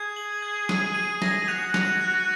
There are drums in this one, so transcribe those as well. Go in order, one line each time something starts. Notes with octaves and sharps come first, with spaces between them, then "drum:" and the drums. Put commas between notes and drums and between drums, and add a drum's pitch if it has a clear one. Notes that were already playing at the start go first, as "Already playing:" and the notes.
Already playing: G#4 G#6
F#7
G#6
D#7, drum: snare
D#7
A#6, drum: snare
F#4 F7
F7, drum: snare
F#6